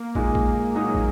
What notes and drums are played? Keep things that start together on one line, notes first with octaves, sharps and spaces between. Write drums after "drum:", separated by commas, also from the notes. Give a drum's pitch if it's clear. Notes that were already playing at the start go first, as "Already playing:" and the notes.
Already playing: A#3
A#2 G#3 D#4, drum: kick
drum: kick
A#2 F#3 G#3 D#4
drum: kick